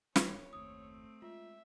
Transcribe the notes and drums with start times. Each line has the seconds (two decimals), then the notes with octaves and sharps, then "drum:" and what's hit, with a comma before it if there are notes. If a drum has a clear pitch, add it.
0.16 G1 F#2 D#3 C#5, drum: snare
0.53 F#1 D#2 A3 C4 D#6
1.22 G#3 F4 E5